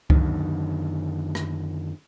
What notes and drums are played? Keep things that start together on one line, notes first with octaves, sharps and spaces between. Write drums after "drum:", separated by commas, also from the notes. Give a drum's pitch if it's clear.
F#2 D3 D#3, drum: kick C#2
drum: rim click